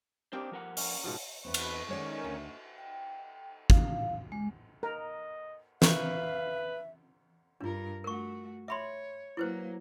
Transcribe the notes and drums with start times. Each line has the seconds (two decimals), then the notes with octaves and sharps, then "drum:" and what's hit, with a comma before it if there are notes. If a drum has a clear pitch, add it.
0.33 A#3 C4 D4 D#4 G4 C5
0.52 F3 A#4 F#5
0.77 C#4, drum: open hi-hat
1.04 G#2 B2 F3
1.45 E2 C4 B4 C#6
1.54 drum: cymbal
1.89 D#3 G#3 C#4 C#5 D5
2.24 D2
2.78 G5
3.70 F5, drum: kick
4.32 G#3
4.83 A#4 D#5
5.82 A#4 B4 E5 F5 C#6, drum: snare
7.61 G2 D4 F4 A#4
8.04 A3 F#4 A#4 C#6
8.68 C#5 E5 B5 C6
9.37 F#3 A#3 E4 B4 C5